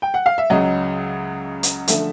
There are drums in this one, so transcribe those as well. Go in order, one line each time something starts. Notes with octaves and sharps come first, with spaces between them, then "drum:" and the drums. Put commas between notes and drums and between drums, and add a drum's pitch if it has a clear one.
G5
F#5
F5
E5
C#2 C#3 F#3 D#5
drum: hi-hat
D3 F3 A3 E5, drum: hi-hat